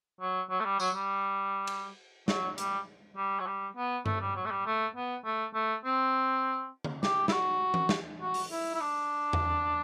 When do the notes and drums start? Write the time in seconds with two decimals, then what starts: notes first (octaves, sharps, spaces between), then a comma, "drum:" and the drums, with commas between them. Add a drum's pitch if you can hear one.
0.21 F#3
0.50 F#3
0.60 A3
0.65 G3
0.80 F#3, drum: tambourine
0.95 G3
1.67 drum: cymbal
2.28 F#3, drum: snare
2.58 G3, drum: hi-hat
3.17 G3
3.40 F#3
3.47 G3
3.77 B3
4.06 A3, drum: tom G2
4.21 G3
4.36 F#3
4.45 A3
4.51 G3
4.66 A3
4.95 B3
5.25 A3
5.54 A3
5.85 C4
6.84 drum: tom D3
7.03 G4, drum: snare
7.28 E4, drum: snare
7.32 F#4
7.74 drum: tom E3
7.89 drum: snare
8.21 F#4
8.34 drum: open hi-hat
8.52 E4
8.74 E4
8.80 D4
9.33 drum: tom E2